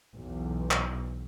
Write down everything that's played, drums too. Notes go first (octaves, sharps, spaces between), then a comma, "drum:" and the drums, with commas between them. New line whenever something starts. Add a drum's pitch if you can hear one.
B1 E2
drum: clap